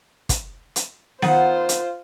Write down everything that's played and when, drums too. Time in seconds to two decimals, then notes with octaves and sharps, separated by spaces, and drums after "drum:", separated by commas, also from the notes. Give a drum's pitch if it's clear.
0.29 drum: kick, hi-hat
0.76 drum: hi-hat
1.22 D#3 B3 F4 C5 F#5, drum: snare B3
1.69 drum: hi-hat